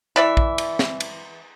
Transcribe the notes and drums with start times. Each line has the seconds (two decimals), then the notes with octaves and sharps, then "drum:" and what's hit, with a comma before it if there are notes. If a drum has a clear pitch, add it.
0.16 E3 D5 E5
0.37 drum: kick A#1
0.58 drum: cymbal
0.79 drum: snare
1.00 drum: cymbal